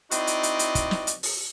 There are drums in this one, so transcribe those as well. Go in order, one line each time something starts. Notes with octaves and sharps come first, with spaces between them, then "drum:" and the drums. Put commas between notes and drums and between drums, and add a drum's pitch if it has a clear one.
C4 D#4 E4 F#4 D5 D#5, drum: hi-hat
drum: hi-hat
drum: hi-hat
drum: hi-hat
drum: kick, hi-hat
drum: snare
drum: hi-hat
drum: open hi-hat